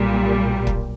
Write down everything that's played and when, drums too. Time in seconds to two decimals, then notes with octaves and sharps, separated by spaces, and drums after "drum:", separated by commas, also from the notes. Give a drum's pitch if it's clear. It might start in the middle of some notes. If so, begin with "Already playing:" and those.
Already playing: B1 A#2 G3
0.67 drum: kick